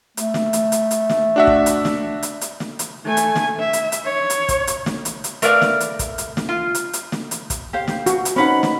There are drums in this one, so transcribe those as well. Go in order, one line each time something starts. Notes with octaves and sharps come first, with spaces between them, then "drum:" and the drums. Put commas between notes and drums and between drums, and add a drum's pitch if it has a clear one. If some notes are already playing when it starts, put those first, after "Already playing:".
A3, drum: hi-hat
drum: snare
drum: hi-hat
drum: hi-hat
drum: hi-hat
drum: snare
D4 F#4 E5
drum: kick
drum: hi-hat
drum: snare
drum: hi-hat
drum: hi-hat
drum: snare
drum: hi-hat
A3 G#5
drum: hi-hat
drum: snare
E5
drum: hi-hat
drum: hi-hat
C#5
drum: hi-hat
drum: kick, hi-hat
drum: hi-hat
drum: snare
drum: hi-hat
drum: hi-hat
A3 A#4 B4 D5 F5, drum: hi-hat
drum: snare
drum: hi-hat
drum: kick, hi-hat
drum: hi-hat
drum: snare
F4
drum: hi-hat
drum: hi-hat
drum: snare
drum: hi-hat
drum: kick, hi-hat
G4 C5 F5
drum: snare
F#4, drum: hi-hat
drum: hi-hat
C4 C#4 D#4 B4 F#5 B5
drum: snare